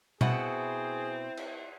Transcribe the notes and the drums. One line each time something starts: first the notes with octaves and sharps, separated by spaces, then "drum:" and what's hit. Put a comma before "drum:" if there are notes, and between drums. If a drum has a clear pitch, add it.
B2 C4 E4 G#4 C5 F#5, drum: tom B2
drum: cymbal